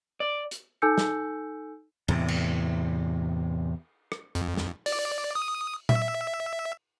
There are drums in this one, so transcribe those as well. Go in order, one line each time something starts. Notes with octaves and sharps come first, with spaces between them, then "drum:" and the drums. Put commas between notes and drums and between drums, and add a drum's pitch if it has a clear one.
D5
drum: hi-hat
D#4 A4 G#5 E6 G6 C#7
drum: snare
E2 A2 C3, drum: cymbal
drum: cymbal
drum: rim click
F2, drum: hi-hat
drum: snare
D5, drum: open hi-hat
D#6
E5, drum: tom A#2